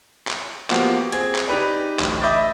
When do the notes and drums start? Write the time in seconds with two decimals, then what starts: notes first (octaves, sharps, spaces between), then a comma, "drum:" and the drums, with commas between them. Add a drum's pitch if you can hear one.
0.27 drum: clap
0.70 F3 A#3 B3 F#4 G4, drum: clap
1.12 C4 G#4 G#6, drum: hi-hat
1.35 drum: clap
1.47 D#4 G4 B4 D5
1.99 D1 A1, drum: clap
2.21 D#5 E5 B5 D6 G6 A6